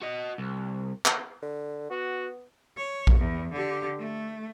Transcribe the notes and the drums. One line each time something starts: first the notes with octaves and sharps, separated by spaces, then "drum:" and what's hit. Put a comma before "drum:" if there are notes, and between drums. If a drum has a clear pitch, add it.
F#4 D#5
C2
drum: clap
D3
B3 F#4
C#5
drum: kick A#1
E2
D3 G4
A3